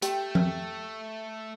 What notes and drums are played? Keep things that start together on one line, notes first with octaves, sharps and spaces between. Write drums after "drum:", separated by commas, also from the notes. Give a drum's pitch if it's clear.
A3 G4 G5, drum: hi-hat
drum: tom F3